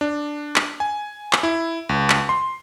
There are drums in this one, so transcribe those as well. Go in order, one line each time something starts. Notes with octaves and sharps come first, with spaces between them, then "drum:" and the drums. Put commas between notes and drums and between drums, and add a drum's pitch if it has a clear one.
D4
drum: clap
G#5
drum: clap
E4
C#2
drum: clap
C6